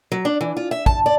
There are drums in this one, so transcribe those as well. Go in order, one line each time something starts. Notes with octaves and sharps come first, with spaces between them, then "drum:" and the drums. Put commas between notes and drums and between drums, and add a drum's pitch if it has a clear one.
F#3
D4
E3
F4
E5
A5, drum: kick
D5